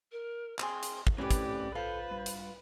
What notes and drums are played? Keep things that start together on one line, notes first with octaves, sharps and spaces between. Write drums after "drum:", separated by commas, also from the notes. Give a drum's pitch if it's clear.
A#4
C4 G#4 C6, drum: clap
drum: hi-hat
drum: kick
E3 A3 C4 C#4 G4 B4 D5
drum: kick, hi-hat
F4 A4 B4 C5
G2
drum: hi-hat